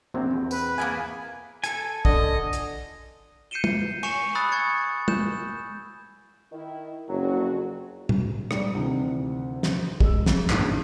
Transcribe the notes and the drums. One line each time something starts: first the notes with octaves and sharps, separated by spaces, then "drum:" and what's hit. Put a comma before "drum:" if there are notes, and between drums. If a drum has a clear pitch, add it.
A#1 C3 F#3 C4
E2
B4, drum: tambourine
E2 A#3 B3 E4 A#4 G#5
A4 G#5, drum: hi-hat
D3 D#5, drum: kick
drum: hi-hat
G6 C7 C#7 D#7 E7 G7
drum: tom
G#5 C#6 C#7 E7 F7, drum: cymbal
B5 D#6 E6 F#6 A6
C#6 G#6 A6 C#7
G6 E7, drum: tom
D#3 E4
F#1 F2 F#3 F#4
drum: tom
G#2 G3, drum: rim click
D2 C3 D#3 E3
drum: snare
G#3 E6, drum: kick
drum: snare
A#1 F#2 A2 D#3, drum: clap